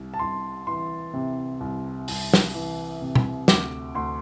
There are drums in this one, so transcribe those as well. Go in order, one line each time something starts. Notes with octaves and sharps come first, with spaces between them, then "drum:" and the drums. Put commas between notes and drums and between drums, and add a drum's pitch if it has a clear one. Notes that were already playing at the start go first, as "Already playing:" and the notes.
Already playing: C2
A5
C2 C6
E3 C6
C3
C2
C2, drum: open hi-hat
drum: snare
E3
C3
drum: tom
D2 D6, drum: snare
D2 C6